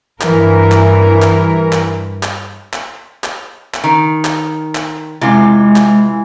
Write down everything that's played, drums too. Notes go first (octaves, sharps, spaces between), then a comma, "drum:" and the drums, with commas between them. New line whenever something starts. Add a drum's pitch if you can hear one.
G2 E3 A#4, drum: clap
drum: clap
drum: clap
drum: clap
drum: clap
drum: clap
drum: clap
drum: clap
D#3
drum: clap
drum: clap
C3 E3 G#3 F4
drum: clap